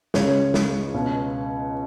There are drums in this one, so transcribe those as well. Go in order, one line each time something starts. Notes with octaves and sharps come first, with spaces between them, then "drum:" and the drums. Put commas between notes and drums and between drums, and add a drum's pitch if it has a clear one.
C#2 C#3 C#5, drum: snare
drum: snare
C#2 B2